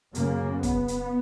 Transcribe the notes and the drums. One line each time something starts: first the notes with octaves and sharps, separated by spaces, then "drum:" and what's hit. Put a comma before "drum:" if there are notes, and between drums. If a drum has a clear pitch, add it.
F#2 C#3 A#3, drum: hi-hat
B3, drum: kick, hi-hat
drum: hi-hat